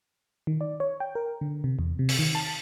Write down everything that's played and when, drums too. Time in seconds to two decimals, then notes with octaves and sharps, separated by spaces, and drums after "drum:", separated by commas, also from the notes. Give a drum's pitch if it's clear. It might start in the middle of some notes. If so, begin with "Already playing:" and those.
0.47 D#3
0.61 D5
0.80 C#5
1.00 G5
1.15 A#4
1.41 D3
1.64 C3
1.79 E2
1.99 C3
2.09 drum: open hi-hat
2.19 D#3
2.35 A5